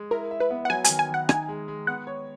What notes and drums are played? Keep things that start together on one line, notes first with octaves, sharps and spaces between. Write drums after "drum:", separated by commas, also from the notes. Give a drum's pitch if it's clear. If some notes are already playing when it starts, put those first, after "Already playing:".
Already playing: G#3
E4 A#4
E5
B4
B3
F#5
F#3 G#5
D#3 G#5, drum: hi-hat
G#5
D#3
F#5
D#4 G#5, drum: rim click
G#3
G#3
B3 F#5
C#5